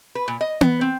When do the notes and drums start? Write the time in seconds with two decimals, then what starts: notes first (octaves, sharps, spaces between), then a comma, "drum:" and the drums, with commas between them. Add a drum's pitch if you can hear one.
0.15 B4
0.28 A#2
0.41 D#5
0.61 B3, drum: tom B3
0.81 C4